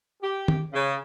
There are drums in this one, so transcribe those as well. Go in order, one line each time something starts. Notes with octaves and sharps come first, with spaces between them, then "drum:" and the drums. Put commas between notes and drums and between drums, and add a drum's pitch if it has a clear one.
G4
drum: tom
C#3